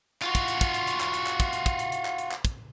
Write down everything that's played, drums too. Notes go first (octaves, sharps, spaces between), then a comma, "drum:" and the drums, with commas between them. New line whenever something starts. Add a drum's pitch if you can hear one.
F4 F#4, drum: clap
drum: kick, hi-hat
drum: hi-hat
drum: kick, hi-hat
drum: hi-hat
drum: hi-hat
drum: clap
drum: hi-hat
drum: clap
drum: kick, hi-hat
drum: hi-hat
drum: kick, hi-hat
drum: hi-hat
drum: hi-hat
drum: clap
drum: hi-hat
drum: clap
drum: kick, hi-hat